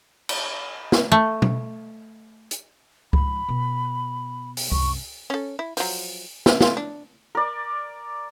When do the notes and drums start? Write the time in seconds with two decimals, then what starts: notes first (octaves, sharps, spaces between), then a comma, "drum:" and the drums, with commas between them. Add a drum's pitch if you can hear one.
0.29 drum: cymbal
0.92 drum: snare
1.12 A3
1.42 drum: tom B2
2.51 drum: hi-hat
3.13 G#2 F3 B5, drum: kick C#2
3.48 B2
4.57 drum: open hi-hat
4.72 C2 F#2 C#6, drum: kick C#2
5.30 C#4 A4
5.59 E4
5.77 F3 F#3, drum: open hi-hat
6.46 G3 B3 C#4, drum: snare
6.61 A3 F4, drum: snare
6.77 D4
7.35 A#4 D5